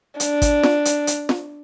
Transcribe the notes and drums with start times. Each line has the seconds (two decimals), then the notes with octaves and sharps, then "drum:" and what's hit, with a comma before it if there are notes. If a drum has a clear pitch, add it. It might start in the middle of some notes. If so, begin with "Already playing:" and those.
0.20 D4, drum: hi-hat
0.42 drum: kick G#1, hi-hat
0.63 drum: snare
0.85 drum: hi-hat
1.07 drum: hi-hat
1.29 drum: snare